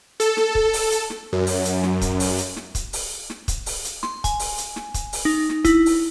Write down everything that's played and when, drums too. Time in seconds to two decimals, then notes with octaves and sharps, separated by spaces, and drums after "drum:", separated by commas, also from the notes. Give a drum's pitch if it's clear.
0.20 A4, drum: hi-hat
0.37 drum: snare
0.55 drum: kick
0.73 drum: open hi-hat
0.92 drum: hi-hat
1.10 drum: snare
1.33 F#2
1.47 drum: open hi-hat
1.65 drum: hi-hat
1.83 drum: snare
2.01 drum: kick, hi-hat
2.20 drum: open hi-hat
2.38 drum: hi-hat
2.56 drum: snare
2.75 drum: kick, hi-hat
2.93 drum: open hi-hat
3.30 drum: snare
3.48 drum: kick, hi-hat
3.66 drum: open hi-hat
3.85 drum: hi-hat
4.03 C6, drum: snare
4.24 G#5, drum: kick, hi-hat
4.39 drum: open hi-hat
4.58 drum: hi-hat
4.76 drum: snare
4.94 drum: kick, hi-hat
5.13 drum: open hi-hat
5.25 D#4
5.49 drum: snare
5.65 E4, drum: kick, hi-hat
5.86 drum: open hi-hat